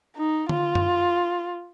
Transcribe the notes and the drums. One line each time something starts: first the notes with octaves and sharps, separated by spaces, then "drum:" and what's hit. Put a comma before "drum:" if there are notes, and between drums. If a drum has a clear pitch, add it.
D#4
F4, drum: tom D3
drum: tom